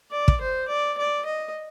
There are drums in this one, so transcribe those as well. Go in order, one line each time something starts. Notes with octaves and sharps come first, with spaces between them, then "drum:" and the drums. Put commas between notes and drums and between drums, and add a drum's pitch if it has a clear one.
D5
drum: kick
C5
D5
D5
D#5